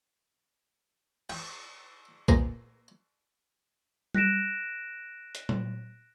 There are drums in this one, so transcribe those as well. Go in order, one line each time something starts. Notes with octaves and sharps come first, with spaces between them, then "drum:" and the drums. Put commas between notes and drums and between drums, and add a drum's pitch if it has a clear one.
G5, drum: cymbal
A#2 B3 G#4 C5 A#5 C6, drum: kick B1
F#6 A#6 B6 D7 E7, drum: tom G3
drum: hi-hat
drum: tom